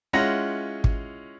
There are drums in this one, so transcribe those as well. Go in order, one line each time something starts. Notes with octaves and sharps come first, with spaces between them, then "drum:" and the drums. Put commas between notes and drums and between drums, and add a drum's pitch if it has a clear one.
G#3 C#4 E4 F4 F#5 A#6
drum: kick